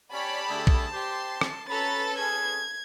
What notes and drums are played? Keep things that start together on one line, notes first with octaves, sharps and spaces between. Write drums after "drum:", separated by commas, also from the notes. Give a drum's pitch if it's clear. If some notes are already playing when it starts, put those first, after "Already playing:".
C#4 G4 C#5 D5 A5 B5
D3 A3 G#4
drum: kick
G4 C5 C6
drum: rim click
C#4 F#4 A4 B4 A#5 B5 A6
C#4 G#4 G#6